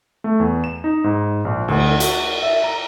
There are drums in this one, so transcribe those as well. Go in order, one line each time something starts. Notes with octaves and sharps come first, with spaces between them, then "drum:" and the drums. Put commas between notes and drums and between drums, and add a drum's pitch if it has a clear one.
A3
E2
E7
D#4
G#2
A#1
D2, drum: cymbal
F#4, drum: hi-hat
E5
A#5